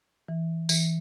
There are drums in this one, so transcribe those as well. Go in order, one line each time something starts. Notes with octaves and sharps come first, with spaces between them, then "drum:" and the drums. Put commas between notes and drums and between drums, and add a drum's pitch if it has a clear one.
E3
E3, drum: tambourine